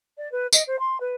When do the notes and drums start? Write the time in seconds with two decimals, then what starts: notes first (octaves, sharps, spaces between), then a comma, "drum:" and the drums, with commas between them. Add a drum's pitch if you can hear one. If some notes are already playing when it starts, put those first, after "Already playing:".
0.17 D5
0.31 B4
0.53 D#5, drum: tambourine
0.66 C5
0.79 C6
1.00 B4